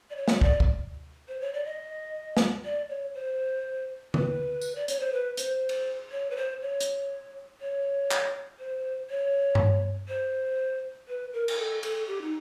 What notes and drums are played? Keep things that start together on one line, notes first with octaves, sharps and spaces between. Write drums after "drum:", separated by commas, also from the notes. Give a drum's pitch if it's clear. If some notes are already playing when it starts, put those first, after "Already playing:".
D5
C#5
drum: snare
D5, drum: kick
drum: kick
C5
C#5
D5
D#5
drum: snare
D5
C#5
C5
B4, drum: tom D3
drum: tambourine
D5
C#5, drum: hi-hat
C5
B4
C5, drum: hi-hat
drum: cymbal
C#5
B4
C5
C#5
drum: hi-hat
C#5
drum: clap
C5
C#5
drum: tom G2
C5
B4
A#4
A#4, drum: cymbal
A4
A4, drum: cymbal
G4
D#4